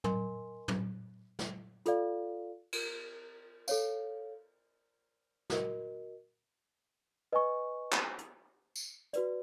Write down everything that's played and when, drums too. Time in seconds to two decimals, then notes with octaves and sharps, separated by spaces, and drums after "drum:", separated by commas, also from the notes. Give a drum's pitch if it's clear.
0.04 A#4 D#5 G#5 C6, drum: tom
0.68 drum: tom
1.39 drum: snare
1.86 F4 A4 D5 F5, drum: hi-hat
2.73 drum: cymbal
3.68 A4 C#5 F5, drum: tambourine
5.50 F#4 A#4 D#5, drum: snare
7.32 B4 D#5 G#5 C#6
7.92 drum: clap
8.18 drum: hi-hat
8.76 drum: tambourine
9.13 F#4 B4 D5, drum: hi-hat